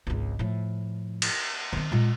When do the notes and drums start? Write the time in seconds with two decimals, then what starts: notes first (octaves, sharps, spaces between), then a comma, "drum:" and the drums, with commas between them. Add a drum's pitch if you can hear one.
0.07 G#1 C#2
0.39 A2 F3
1.22 drum: cymbal
1.73 D#3 C4
1.92 A#2 G#3